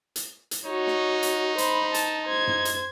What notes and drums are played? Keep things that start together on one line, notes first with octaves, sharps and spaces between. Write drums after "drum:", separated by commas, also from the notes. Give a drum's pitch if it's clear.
drum: hi-hat
drum: hi-hat
D#4 F#4 C#5
drum: snare
drum: hi-hat
C5 B5, drum: hi-hat
A5, drum: hi-hat
C5 G#6
drum: tom F#2
drum: hi-hat